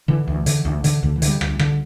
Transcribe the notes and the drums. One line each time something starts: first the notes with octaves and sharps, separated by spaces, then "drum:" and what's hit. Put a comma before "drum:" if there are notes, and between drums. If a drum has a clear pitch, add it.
D3 E3
D2
D3, drum: hi-hat
D2
D3, drum: hi-hat
D2 D3
E3
D3, drum: hi-hat
G3
D2, drum: rim click
D3, drum: rim click